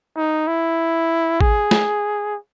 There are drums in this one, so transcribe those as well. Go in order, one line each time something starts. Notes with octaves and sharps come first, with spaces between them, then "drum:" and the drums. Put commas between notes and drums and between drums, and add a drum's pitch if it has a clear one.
D#4
E4
G#4, drum: kick
drum: snare